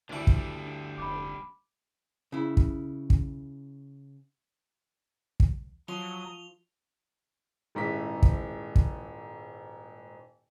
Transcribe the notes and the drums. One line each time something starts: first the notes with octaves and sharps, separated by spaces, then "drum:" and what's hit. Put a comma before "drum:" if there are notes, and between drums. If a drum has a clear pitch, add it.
D2 D3 G3 D4 E4
drum: kick
F1 B5 D6
C#3 E4
drum: kick
drum: kick
drum: kick
F3 F#3 C6 C#6 D#6 F7 G7
D#1 G#2 E4 B6
drum: kick
drum: kick